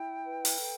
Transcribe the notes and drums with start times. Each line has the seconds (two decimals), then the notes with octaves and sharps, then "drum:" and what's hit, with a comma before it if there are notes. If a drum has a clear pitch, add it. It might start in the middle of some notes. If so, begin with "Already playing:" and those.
Already playing: E4 G5
0.26 B4
0.45 drum: open hi-hat
0.59 A4